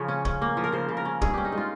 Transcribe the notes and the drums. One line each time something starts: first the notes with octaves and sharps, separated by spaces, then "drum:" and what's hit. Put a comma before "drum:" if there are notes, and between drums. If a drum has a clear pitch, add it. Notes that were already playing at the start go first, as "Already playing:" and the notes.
Already playing: C#3 F3 C#5
C#4
C#4, drum: kick
A#3
F3
A#4
C#3 C5
C#3
A#4
C#4
G2 G#4, drum: kick
C#4 G4
D#4
G#3
F4